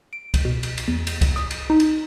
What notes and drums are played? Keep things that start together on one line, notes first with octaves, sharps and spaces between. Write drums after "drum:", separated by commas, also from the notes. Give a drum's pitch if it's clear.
D7
drum: kick, cymbal
B2
drum: cymbal
drum: cymbal
E2
drum: cymbal
drum: kick, cymbal
D#6, drum: rim click
drum: cymbal
D#4
drum: cymbal